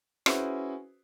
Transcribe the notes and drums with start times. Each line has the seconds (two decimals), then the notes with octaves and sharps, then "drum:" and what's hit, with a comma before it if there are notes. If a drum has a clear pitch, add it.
0.26 C#4 E4 F#4 G#4 B4 C5, drum: rim click